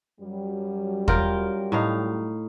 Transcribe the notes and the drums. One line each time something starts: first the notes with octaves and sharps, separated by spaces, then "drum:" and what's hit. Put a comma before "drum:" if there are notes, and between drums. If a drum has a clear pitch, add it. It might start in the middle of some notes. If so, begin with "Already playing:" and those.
F#2 F#3 G3
F4 A#4 G5, drum: kick
A2 D#4 F5